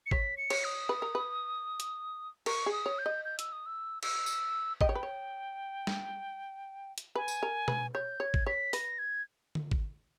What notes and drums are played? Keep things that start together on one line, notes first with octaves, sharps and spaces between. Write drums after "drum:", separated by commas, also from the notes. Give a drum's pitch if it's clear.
C#7
C#5 B6, drum: kick G#1
C#7
C#5, drum: cymbal
D#6
B4
A#4
B4
drum: hi-hat
A#4 C#6, drum: cymbal
G#4
D#6
C#5
G6
D#5
G6
E6, drum: hi-hat
D#6
E6
E6, drum: cymbal
drum: tambourine
D#5 G5, drum: kick G#1
C#5
B4
C#5
drum: snare
drum: hi-hat
B4 G#5
drum: tambourine
A#4
B4, drum: tom B2
C#5 G6
C#5 G#6
drum: kick G#1
C#5 B6
B4 A#6, drum: open hi-hat
G#6
drum: tom D3
drum: kick G#1